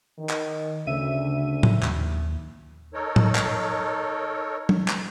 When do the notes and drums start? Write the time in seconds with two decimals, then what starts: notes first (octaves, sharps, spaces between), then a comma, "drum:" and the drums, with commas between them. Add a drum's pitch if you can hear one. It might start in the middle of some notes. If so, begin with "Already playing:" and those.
0.19 D#3
0.30 drum: clap
0.87 D2 C#3 E5 D#7
1.63 drum: tom A2
1.83 D#2, drum: clap
2.94 D#4 A4 A#4 C#5
3.16 drum: tom A2
3.35 drum: clap
4.69 drum: tom
4.88 drum: clap